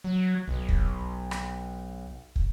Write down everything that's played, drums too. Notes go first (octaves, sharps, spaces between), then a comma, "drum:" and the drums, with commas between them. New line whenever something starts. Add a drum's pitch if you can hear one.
F#3
B1
drum: kick
drum: rim click
drum: kick